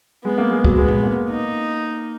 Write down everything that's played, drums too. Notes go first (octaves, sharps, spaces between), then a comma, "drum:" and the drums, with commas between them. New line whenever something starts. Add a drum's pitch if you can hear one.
G#3 B3
A#3
G#3
F#3, drum: kick
G#3 B3
drum: tom A#2
A#3
D#4